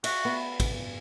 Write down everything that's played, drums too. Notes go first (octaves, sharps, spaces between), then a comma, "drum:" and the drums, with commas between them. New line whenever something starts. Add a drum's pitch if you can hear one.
F#4 E5, drum: cymbal
B3
drum: kick, cymbal